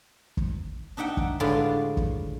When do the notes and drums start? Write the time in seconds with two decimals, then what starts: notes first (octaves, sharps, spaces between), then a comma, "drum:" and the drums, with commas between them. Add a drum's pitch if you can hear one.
0.37 drum: kick
0.97 D4 D#4 E5 F#5 G5
1.17 drum: kick
1.40 A2 D3 G#3 F4 B4 D5
1.97 drum: kick